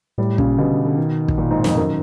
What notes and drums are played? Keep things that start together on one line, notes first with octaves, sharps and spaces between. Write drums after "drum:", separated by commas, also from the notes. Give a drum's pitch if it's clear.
A2 G3
A#2 C#3, drum: kick
B2 D3
D3
D3
D#3
drum: kick
A#2
G#2
F2, drum: snare
F#2 D#3